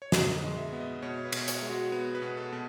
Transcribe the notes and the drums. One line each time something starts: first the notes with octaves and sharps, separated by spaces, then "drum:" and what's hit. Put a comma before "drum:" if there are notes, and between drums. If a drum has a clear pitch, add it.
C#5
B2 D#5, drum: snare
D#5
G#3
E5
B3
D#5
B2 C#5
C#5
B4
B2, drum: cymbal
C#5, drum: hi-hat
G#3
F#4
B3
B4
B2
A4
B2